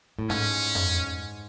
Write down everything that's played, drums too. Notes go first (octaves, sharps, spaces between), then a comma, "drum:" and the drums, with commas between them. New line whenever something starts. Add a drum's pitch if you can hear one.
A2
G#2 C#4, drum: rim click
drum: tom F2